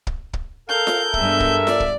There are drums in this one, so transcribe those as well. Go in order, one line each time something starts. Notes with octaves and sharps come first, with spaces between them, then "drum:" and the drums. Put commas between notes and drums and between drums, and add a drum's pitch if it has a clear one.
drum: kick
drum: kick
A4 A#4 F5 G6
drum: snare F4
G2 G#3 B3 E5, drum: kick
drum: kick
D5, drum: snare F4
drum: kick